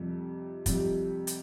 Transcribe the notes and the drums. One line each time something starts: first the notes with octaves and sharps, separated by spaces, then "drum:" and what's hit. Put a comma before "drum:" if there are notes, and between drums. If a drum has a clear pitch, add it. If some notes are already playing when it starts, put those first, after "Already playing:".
Already playing: F2 C3 G3
F2 C3 G3, drum: kick, hi-hat
drum: hi-hat